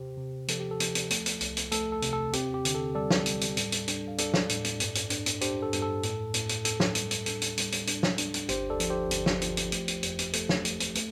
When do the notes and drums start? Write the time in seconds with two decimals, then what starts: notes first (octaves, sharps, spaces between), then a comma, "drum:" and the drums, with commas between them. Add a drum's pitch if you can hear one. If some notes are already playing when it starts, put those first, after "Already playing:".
Already playing: C3 G4 C5
0.18 C3
0.48 F3 A4, drum: hi-hat
0.60 G4
0.71 A4
0.80 F3, drum: hi-hat
0.95 drum: hi-hat
1.10 A3, drum: hi-hat
1.26 drum: hi-hat
1.41 C2, drum: hi-hat
1.57 drum: hi-hat
1.72 A3 A4, drum: hi-hat
1.92 A4
2.02 C3, drum: hi-hat
2.13 A4
2.33 C4 G4, drum: hi-hat
2.54 G4
2.65 D3, drum: hi-hat
2.75 A4
2.95 G3 A4 D5
3.11 drum: snare
3.26 G3, drum: hi-hat
3.41 drum: hi-hat
3.57 A2, drum: hi-hat
3.72 drum: hi-hat
3.88 D4, drum: hi-hat
4.08 F5
4.18 D4 A4 D5, drum: hi-hat
4.34 drum: snare
4.49 A2, drum: hi-hat
4.64 drum: hi-hat
4.80 G2, drum: hi-hat
4.95 drum: hi-hat
5.10 D4, drum: hi-hat
5.26 drum: hi-hat
5.41 D4 G4 C5, drum: hi-hat
5.62 A4
5.73 G2, drum: hi-hat
5.82 A4
6.03 A2, drum: hi-hat
6.34 A2, drum: hi-hat
6.49 drum: hi-hat
6.65 A2 A4, drum: hi-hat
6.80 drum: snare
6.95 G3, drum: hi-hat
7.11 drum: hi-hat
7.26 D4 A4, drum: hi-hat
7.42 drum: hi-hat
7.57 G3, drum: hi-hat
7.72 drum: hi-hat
7.87 D4, drum: hi-hat
8.03 drum: snare
8.18 D4, drum: hi-hat
8.34 drum: hi-hat
8.49 G1 G4 C5, drum: hi-hat
8.70 A4 D5
8.80 F3, drum: hi-hat
8.90 G4 C5
9.11 G1, drum: hi-hat
9.26 drum: snare
9.41 F3, drum: hi-hat
9.57 drum: hi-hat
9.72 A3, drum: hi-hat
9.88 drum: hi-hat
10.03 F2, drum: hi-hat
10.19 drum: hi-hat
10.33 A3 A4, drum: hi-hat
10.49 drum: snare
10.65 A3, drum: hi-hat
10.80 drum: hi-hat
10.95 A3, drum: hi-hat